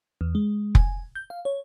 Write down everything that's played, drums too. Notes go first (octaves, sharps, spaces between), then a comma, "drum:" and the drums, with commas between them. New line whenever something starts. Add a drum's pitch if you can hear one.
E2
G#3
G#5, drum: kick F1
G6
F5
C#5